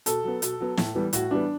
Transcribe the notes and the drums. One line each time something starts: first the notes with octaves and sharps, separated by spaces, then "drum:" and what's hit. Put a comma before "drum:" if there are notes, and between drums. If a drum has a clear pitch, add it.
B2 A4, drum: hi-hat
F#3 B3
B2, drum: hi-hat
F#3 B3
A2, drum: snare
E3 G3 B3
A2 F#4, drum: hi-hat
E3 G3 B3 D4